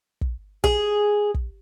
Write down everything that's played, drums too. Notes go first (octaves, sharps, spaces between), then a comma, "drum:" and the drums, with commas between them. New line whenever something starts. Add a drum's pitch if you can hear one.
drum: kick
G#4, drum: kick
drum: kick